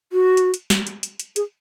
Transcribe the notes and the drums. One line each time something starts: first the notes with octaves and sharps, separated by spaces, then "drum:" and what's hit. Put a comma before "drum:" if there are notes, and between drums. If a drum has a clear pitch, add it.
F#4
drum: hi-hat
drum: hi-hat
drum: snare
drum: hi-hat
drum: hi-hat
drum: hi-hat
G#4, drum: hi-hat